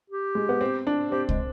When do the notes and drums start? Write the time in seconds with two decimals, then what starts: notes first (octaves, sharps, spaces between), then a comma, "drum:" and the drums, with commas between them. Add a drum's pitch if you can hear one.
0.10 G4
0.35 G#3
0.49 B3
0.61 C4
0.87 D4
1.11 C4 G4
1.29 G#3, drum: kick C2